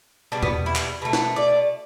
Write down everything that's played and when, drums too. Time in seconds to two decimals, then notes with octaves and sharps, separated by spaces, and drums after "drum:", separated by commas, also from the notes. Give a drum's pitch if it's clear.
0.32 B2 G3 D4
0.42 B3, drum: tom E2
0.66 E4
0.76 drum: clap
1.02 B2 A3
1.13 drum: snare
1.36 D5